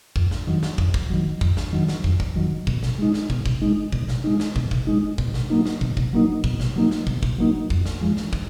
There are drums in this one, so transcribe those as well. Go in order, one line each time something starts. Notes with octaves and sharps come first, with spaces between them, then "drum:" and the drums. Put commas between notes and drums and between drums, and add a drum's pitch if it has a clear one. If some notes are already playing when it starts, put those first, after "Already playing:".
F2, drum: kick
drum: snare
D#3 F#3
drum: snare
F2, drum: kick
drum: kick
D#3 F#3
F2, drum: kick
drum: snare
D#3 F#3
drum: snare
F2, drum: kick
drum: kick
D#3 F#3
B2, drum: kick
drum: snare
G#3 D#4
drum: snare
B2, drum: kick
drum: kick
G#3 D#4
B2, drum: kick
drum: snare
G#3 D#4
drum: snare
B2, drum: kick
drum: kick
G#3 D#4
B2, drum: kick
drum: snare
F#3 A#3 D#4
drum: snare
B2, drum: kick
drum: kick
F#3 A#3 D#4
B2, drum: kick
drum: snare
F#3 A#3 D#4
drum: snare
B2, drum: kick
drum: kick
F#3 A#3 D#4
F2, drum: kick
drum: snare
F3 G#3
drum: snare
drum: kick